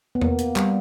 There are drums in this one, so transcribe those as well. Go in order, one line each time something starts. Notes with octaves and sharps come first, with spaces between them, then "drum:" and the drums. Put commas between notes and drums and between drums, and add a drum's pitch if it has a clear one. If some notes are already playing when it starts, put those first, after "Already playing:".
B3
A#3, drum: tom E2
drum: hi-hat
G3, drum: clap